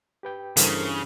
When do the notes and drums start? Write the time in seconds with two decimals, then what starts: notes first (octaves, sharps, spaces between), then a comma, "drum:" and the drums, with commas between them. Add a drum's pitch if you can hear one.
0.23 G4 B4 G5
0.57 G2 C#3 E3 A4 A#4 C5, drum: hi-hat